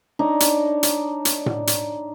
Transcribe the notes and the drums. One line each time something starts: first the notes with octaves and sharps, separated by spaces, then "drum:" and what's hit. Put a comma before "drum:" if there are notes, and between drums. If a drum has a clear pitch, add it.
D4 D#4 C#5
drum: hi-hat
drum: hi-hat
drum: hi-hat
drum: tom A2
drum: hi-hat